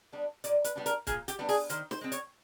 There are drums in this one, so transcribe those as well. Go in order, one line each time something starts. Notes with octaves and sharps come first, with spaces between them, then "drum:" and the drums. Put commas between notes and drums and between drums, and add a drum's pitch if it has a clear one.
G3 B3 D4
A#2 D5, drum: hi-hat
B4, drum: hi-hat
G3 B3 D4
A#4, drum: hi-hat
A#2 G#4, drum: kick C#1, hi-hat
G4, drum: hi-hat
G3 B3 D4
G#4, drum: open hi-hat
D#3 C5, drum: hi-hat
C5, drum: snare
G#3 C4
C#5, drum: hi-hat